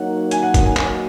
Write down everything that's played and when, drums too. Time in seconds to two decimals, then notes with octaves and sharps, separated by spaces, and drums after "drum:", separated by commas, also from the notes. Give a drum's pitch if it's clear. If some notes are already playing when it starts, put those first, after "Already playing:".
Already playing: F#3 A#3 D#4 A#4 C#5 F#5
0.31 G#5, drum: hi-hat
0.43 F#5
0.54 drum: kick, hi-hat
0.65 G#5
0.77 F#3 A#3 D#4 F#4 G#5, drum: clap